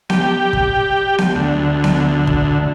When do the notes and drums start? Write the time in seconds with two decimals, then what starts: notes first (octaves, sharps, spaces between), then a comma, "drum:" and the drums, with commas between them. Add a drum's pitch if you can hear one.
0.10 G4, drum: snare B3
0.53 drum: kick
1.18 drum: snare B3
1.35 D2
1.84 drum: snare B3
2.27 drum: kick